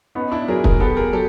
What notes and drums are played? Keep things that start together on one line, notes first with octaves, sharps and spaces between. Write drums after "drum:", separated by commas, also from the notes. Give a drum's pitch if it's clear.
B3 C#4 D#4
D4 E4
F#3 G#4 A#4
G#4 A#4, drum: kick
B3 G4 A4
G#4 A#4
F#3 G4 A4